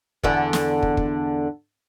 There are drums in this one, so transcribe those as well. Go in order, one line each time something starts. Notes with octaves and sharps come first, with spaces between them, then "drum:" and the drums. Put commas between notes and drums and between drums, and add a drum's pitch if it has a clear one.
E2 D3 B3, drum: kick
drum: snare
drum: kick
drum: kick